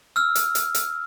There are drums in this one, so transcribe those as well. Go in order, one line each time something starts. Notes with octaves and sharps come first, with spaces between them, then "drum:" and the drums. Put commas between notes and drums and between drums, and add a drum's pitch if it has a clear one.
E6 F6
drum: hi-hat
drum: hi-hat
drum: hi-hat